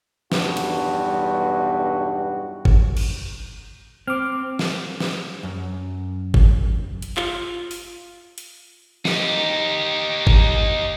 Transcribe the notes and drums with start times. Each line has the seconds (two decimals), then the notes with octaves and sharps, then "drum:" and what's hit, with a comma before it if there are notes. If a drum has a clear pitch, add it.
0.32 B1 E2 G2 F#4, drum: snare
0.57 drum: cymbal
2.65 drum: kick G1
2.97 drum: cymbal
4.07 C4 D6 F6
4.59 drum: snare
5.00 drum: snare
5.43 F#2
6.34 drum: kick G1
7.02 drum: hi-hat
7.17 F4, drum: clap
7.71 drum: open hi-hat
8.38 drum: hi-hat
9.05 D#4 G4, drum: snare
10.27 drum: kick G1